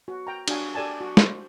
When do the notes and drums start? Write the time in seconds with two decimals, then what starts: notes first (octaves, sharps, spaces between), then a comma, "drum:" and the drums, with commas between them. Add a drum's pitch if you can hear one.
0.08 F#4
0.27 G5 A#5
0.48 D4 F#4 G4 F5 G#5, drum: cymbal
0.75 G4 A4 D5 G#5 A5
1.01 F#4
1.17 C5, drum: snare